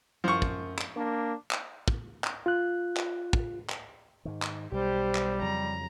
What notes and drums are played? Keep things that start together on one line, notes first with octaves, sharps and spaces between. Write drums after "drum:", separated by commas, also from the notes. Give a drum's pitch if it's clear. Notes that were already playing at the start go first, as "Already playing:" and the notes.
F#2 F3 C#6
drum: kick
drum: clap
A#3 D4
drum: clap
drum: kick
drum: clap
F4 F#6
drum: clap
drum: kick
drum: clap
G#2 D#3
drum: clap
B1 G3 G4 C5
drum: clap
F2 C#3 F#3 A#5